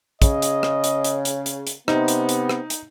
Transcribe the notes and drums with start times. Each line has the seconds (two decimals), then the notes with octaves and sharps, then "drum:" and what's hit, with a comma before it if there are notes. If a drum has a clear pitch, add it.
0.22 C#3 D#5, drum: kick, hi-hat
0.42 drum: hi-hat
0.63 drum: rim click
0.84 drum: hi-hat
1.04 drum: hi-hat
1.25 drum: hi-hat
1.46 drum: hi-hat
1.67 drum: hi-hat
1.88 C3 B3 D#4, drum: rim click
2.08 drum: hi-hat
2.29 drum: hi-hat
2.49 drum: rim click
2.70 drum: hi-hat